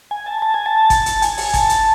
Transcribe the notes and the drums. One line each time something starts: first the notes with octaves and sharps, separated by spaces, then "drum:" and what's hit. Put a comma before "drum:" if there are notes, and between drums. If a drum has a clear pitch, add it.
G#5
A5
A5
G#5
A5
drum: kick G#1, hi-hat
drum: hi-hat
G#5, drum: hi-hat
drum: open hi-hat
A5, drum: kick G#1, hi-hat
drum: hi-hat